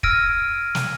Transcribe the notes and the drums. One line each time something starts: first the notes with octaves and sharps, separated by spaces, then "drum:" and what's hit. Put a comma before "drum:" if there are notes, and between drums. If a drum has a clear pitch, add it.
E6 F6 G#6 A#6 D7 D#7, drum: kick
drum: snare